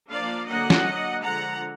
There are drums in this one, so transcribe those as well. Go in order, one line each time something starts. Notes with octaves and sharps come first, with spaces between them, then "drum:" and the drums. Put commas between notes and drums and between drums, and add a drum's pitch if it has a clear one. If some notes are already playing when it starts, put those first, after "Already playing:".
F3 A#3 D4 D5 F5
D3 F#3 A#3 D4 D#5 F#5
drum: snare
F#3 A#3 D4
D3 F3 G#3 F#5 A#5